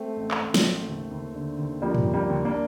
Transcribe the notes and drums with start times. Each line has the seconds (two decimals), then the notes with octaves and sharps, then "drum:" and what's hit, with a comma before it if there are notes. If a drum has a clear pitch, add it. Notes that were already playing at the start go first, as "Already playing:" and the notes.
Already playing: A3 C4
0.17 A1
0.31 drum: clap
0.41 A1
0.54 drum: snare
0.64 A1
0.87 D#2
1.11 D#2
1.35 D3
1.59 D#2
1.82 F3 G3 A#3
1.95 drum: tom
2.06 D#2
2.14 G3 A#3
2.30 D#2
2.45 A#3 D4